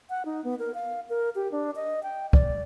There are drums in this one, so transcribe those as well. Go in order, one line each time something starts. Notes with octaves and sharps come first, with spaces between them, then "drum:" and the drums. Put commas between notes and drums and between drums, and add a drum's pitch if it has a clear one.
F#5
D#4
B3
A#4
F5
A#4
G4
D4
D#5
G5
D5, drum: kick C2